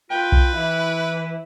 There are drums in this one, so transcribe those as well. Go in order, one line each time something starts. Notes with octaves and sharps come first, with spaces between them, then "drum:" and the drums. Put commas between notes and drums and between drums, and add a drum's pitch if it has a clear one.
F4 B4 G5
drum: kick B1
E3 E4